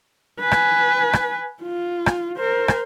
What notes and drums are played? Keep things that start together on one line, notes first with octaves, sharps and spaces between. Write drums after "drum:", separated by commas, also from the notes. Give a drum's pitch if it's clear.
B4 G#5
drum: rim click
drum: rim click
F4
drum: rim click
A#4 C5
drum: rim click